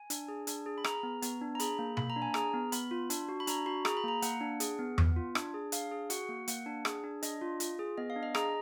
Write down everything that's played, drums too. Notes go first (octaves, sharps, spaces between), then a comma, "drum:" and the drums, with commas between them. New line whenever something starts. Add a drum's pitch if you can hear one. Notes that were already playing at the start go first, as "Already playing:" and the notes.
Already playing: G#5
D4, drum: hi-hat
G#4
D4, drum: hi-hat
G#4
B5
G#4 A#5, drum: rim click
B3
B3, drum: hi-hat
D4
A#5
G#4 B5, drum: hi-hat
A#3
A#3 B5, drum: tom B2
A#5
D4
G#5
G#4 A#5, drum: rim click
B3
B3 B5, drum: hi-hat
F4
D4, drum: hi-hat
F#4
B5
D4 A#5, drum: hi-hat
F#4 B5
G#4 A#5, drum: rim click
B5
A#3 A#5
A#3 F#5, drum: hi-hat
D4
G#4, drum: hi-hat
B3
B3, drum: tom E2
F4
D4, drum: rim click
G#4
D4 F5, drum: hi-hat
G#4
F#4 F#5, drum: hi-hat
A#3
A#3 F#5, drum: hi-hat
D4
G#4, drum: rim click
D4
D4 D#5, drum: hi-hat
F4
F4, drum: hi-hat
G#4
B3 D#5
F5
D4
D#5
G#4 A#5, drum: rim click